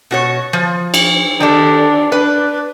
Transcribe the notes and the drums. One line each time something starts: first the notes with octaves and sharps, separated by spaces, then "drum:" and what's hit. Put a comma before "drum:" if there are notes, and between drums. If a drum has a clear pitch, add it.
B2 F#4 C#5
F3
drum: cymbal
D#3 D4 G4 A4
D4 B4